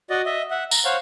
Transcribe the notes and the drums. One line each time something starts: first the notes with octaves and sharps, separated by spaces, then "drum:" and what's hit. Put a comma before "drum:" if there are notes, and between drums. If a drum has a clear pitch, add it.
F#4 D5 D#5
D#5 E5
E5 F#5
A#5, drum: tambourine
C5 C#5 F5 F#5